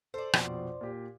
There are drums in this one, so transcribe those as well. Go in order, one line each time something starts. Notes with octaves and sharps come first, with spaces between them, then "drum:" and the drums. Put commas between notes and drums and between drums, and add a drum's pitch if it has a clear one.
A4 C5 D5
A#1 F2 B2, drum: rim click
A#2 G4